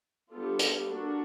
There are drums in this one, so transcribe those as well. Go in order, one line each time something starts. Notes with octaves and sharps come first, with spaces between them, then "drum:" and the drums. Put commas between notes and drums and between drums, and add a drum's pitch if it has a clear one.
G3 B3 D4 F4 A4
drum: hi-hat
A#3 D4 F#4 A4